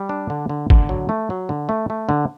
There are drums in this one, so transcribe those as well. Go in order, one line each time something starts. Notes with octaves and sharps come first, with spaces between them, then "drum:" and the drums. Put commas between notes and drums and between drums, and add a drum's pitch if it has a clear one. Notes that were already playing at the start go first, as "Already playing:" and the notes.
Already playing: G3
D4
D3
D3
D3, drum: kick
F#3
A3
F#3
D3
A3
A3
D3